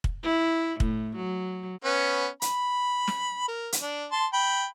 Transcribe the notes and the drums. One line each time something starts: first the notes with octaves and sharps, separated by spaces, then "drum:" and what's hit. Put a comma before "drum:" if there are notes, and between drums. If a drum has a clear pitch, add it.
drum: kick
E4
A2, drum: kick
F#3
B3 C#4 B4
B5, drum: hi-hat
drum: snare
A#4
drum: hi-hat
D4
A5 C6
G5 B5